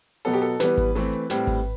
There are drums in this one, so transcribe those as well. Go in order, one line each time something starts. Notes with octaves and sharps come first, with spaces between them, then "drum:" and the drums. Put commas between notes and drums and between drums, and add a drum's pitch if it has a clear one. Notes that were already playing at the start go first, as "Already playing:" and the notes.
B2 F#3 B3 A4, drum: hi-hat
G4
A4, drum: open hi-hat
E3 G3 B3 B4, drum: snare
drum: kick G#1, hi-hat
E3 A3 C4, drum: hi-hat
drum: hi-hat
A2 G3 C4, drum: snare
drum: kick G#1, open hi-hat